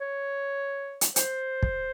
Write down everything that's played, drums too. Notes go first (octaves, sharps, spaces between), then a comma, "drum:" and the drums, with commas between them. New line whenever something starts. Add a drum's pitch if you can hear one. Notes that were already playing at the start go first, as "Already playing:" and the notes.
C#5
drum: hi-hat
C5, drum: hi-hat
drum: kick